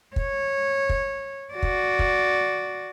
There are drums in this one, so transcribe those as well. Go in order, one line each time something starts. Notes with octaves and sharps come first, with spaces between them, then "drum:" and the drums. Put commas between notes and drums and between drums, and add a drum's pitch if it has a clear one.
C#5, drum: kick
drum: kick
F#4 D5
drum: kick
drum: kick